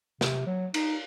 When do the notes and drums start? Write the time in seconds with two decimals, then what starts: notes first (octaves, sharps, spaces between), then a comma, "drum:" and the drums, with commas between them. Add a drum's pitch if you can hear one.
0.21 C3, drum: snare
0.46 F#3
0.74 D#4, drum: cymbal